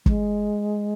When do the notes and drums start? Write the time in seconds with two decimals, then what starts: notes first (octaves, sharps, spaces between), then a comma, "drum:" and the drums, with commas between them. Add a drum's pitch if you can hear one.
0.06 G#3, drum: kick